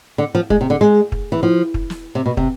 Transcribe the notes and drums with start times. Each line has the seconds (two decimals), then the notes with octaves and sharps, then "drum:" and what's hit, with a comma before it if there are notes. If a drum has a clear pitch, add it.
0.18 D3
0.35 F3
0.50 G#3, drum: kick
0.61 C3
0.70 D3
0.81 G#3
1.12 drum: kick
1.32 E3
1.43 F3
1.74 drum: kick
1.90 drum: snare
2.15 C3
2.26 B2
2.37 C3, drum: kick